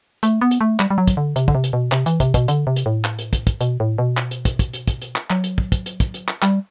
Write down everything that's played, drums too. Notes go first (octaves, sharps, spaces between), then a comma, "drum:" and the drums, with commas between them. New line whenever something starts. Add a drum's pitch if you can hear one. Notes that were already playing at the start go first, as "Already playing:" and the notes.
A3, drum: hi-hat
B3
drum: hi-hat
A3
G3, drum: clap
G3
F#3
drum: kick, hi-hat
D3
C3, drum: hi-hat
D3, drum: kick
C3
drum: hi-hat
B2
C3, drum: clap
E3, drum: hi-hat
C3, drum: kick, hi-hat
B2, drum: kick, hi-hat
D3, drum: hi-hat
C3
drum: hi-hat
A2
drum: clap
drum: hi-hat
drum: kick, hi-hat
drum: kick, hi-hat
B2, drum: hi-hat
A2
B2
drum: clap
drum: hi-hat
drum: kick, hi-hat
drum: kick, hi-hat
drum: hi-hat
drum: kick, hi-hat
drum: hi-hat
drum: clap
F#3, drum: clap
drum: hi-hat
drum: kick
drum: kick, hi-hat
drum: hi-hat
drum: kick, hi-hat
drum: hi-hat
drum: clap
G3, drum: clap